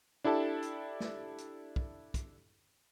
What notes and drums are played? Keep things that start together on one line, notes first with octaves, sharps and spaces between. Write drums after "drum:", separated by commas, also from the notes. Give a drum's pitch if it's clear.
D4 E4 G4 A4 A5
drum: hi-hat
drum: snare
drum: hi-hat
drum: kick
drum: kick, hi-hat